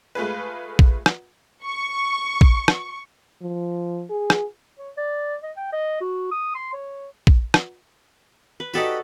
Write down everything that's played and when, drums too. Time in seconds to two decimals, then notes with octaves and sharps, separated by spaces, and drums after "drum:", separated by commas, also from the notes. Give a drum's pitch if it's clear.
0.15 G#3 A3 F4 G#4 B4
0.79 drum: kick
1.06 drum: rim click
1.64 C#6
2.41 drum: kick
2.68 drum: rim click
3.42 F3
4.10 G#4
4.30 drum: rim click
4.78 C#5
4.97 D5
5.43 D#5
5.57 G5
5.72 D#5
6.01 F#4
6.31 D#6
6.55 C6
6.73 C#5
7.27 drum: kick
7.54 drum: rim click
8.60 B4
8.74 D#4 F#4 G4 A4 B4 D5